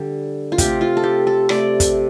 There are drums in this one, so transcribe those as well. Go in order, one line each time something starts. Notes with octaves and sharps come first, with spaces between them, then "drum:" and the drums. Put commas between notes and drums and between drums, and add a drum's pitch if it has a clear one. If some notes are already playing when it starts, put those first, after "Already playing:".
Already playing: D3 G3
F4
C3 A3 G4, drum: kick, hi-hat
F4
A4
G4
A4
C3 A3 D5, drum: rim click
drum: kick, hi-hat